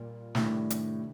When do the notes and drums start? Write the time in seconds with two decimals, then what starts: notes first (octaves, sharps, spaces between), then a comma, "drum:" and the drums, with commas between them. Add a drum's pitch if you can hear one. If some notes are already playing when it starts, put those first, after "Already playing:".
Already playing: A#2 G3 A#3 F4 A#4
0.35 A2 C3 D#3 G3 D4 G4, drum: snare
0.70 drum: hi-hat